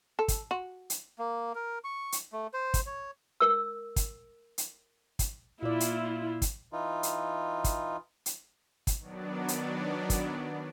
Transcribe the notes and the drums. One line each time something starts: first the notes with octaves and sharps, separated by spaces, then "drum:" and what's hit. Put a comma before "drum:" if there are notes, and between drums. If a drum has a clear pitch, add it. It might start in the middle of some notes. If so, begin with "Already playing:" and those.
A4
drum: kick, hi-hat
F#4
drum: hi-hat
A#3
A#4
C#6
drum: hi-hat
A3
C5
drum: kick, hi-hat
C#5
A#4 E6
drum: kick, hi-hat
drum: hi-hat
drum: kick, hi-hat
A#2 E4 F4 D5
drum: hi-hat
drum: kick, hi-hat
E3 D#4 F4
drum: hi-hat
drum: kick, hi-hat
drum: hi-hat
drum: kick, hi-hat
D#3 F#3 B3 D4 D5
drum: hi-hat
drum: kick, hi-hat